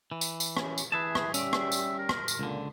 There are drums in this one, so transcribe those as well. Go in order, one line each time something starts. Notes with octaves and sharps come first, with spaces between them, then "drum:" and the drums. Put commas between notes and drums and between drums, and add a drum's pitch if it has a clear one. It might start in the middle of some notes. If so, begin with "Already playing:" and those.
E3
drum: tambourine
drum: tambourine
C#4, drum: rim click
drum: tambourine
E3 G#4 B4 E5 A5
drum: rim click
G3 C#4 D5 E5, drum: tambourine
drum: rim click
drum: tambourine
A#4
drum: rim click
drum: tambourine
C#2 A#2 D3